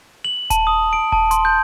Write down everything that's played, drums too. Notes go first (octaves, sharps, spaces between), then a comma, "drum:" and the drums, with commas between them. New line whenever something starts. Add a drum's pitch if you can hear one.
F#7
A5, drum: kick D#1, hi-hat
D#6
D7
A5, drum: kick D#1
C6, drum: hi-hat
G6